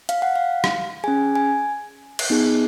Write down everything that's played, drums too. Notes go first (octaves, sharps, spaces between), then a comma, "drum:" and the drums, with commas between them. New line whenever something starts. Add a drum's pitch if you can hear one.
F5, drum: hi-hat
F#5
F5
drum: rim click
C#4 G#4 G#5
G#5
drum: cymbal
B3 D#4 G#4